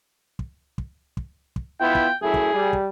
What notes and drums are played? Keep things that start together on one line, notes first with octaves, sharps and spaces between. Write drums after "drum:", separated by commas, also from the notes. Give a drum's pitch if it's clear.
drum: kick
drum: kick
drum: kick
drum: kick
B3 E4 F4 G5
drum: kick
F#2 A3 E4 G#4
drum: kick
G3
drum: kick